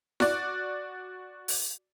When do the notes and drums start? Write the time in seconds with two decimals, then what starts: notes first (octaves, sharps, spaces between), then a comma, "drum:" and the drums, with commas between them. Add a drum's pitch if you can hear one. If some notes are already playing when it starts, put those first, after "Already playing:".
0.20 F#4 D5, drum: snare E4
1.48 drum: open hi-hat